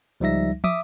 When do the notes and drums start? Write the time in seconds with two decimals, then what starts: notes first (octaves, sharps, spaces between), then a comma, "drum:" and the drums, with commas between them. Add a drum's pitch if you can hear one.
0.20 C#2 F3 G3 D#4 E5 A#6
0.64 E5 D6 D#6, drum: tom